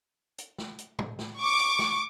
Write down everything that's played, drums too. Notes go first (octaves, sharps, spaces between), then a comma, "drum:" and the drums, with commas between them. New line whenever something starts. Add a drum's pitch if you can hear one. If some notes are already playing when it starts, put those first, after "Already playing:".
drum: hi-hat
drum: snare
drum: hi-hat
drum: tom
drum: snare
C#6 D6
drum: hi-hat
drum: snare